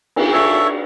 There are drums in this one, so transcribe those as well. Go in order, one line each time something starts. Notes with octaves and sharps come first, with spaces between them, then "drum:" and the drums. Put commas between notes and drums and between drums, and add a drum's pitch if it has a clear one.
drum: cymbal
A4 C#5 E5